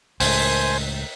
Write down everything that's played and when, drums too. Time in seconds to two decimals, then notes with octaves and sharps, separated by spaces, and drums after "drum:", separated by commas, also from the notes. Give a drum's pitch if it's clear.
0.20 C#2 A2 C5 G#5, drum: open hi-hat